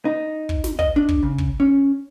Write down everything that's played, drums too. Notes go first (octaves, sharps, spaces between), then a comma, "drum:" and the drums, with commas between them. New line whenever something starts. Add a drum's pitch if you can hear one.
D#4
drum: kick
drum: snare
D#5, drum: kick
D4
drum: kick
C#3
drum: kick
C#4